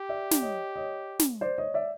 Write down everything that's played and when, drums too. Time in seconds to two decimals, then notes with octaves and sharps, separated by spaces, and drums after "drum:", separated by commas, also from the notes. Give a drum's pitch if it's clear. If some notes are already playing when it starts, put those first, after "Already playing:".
Already playing: G4
0.09 D5 E5
0.31 drum: snare
0.42 C#5 D#5
0.76 C#5 D#5
1.19 drum: snare
1.41 C5 D5
1.58 C#5 D#5
1.74 D5 E5